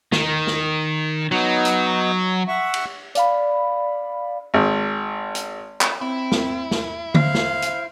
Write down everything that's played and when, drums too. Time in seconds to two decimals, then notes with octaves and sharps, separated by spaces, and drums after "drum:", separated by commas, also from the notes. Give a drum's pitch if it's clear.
0.12 D#3, drum: snare
0.47 drum: snare
1.32 F#3 B3 D#4
1.65 drum: hi-hat
2.48 E5 F#5 C#6
2.74 drum: cymbal
3.15 D5 F5 B5, drum: hi-hat
4.54 G#1
5.35 drum: hi-hat
5.81 drum: clap
6.01 C4 E4
6.32 drum: snare
6.71 drum: snare
7.14 C5 F5, drum: tom D3
7.34 drum: snare
7.62 drum: hi-hat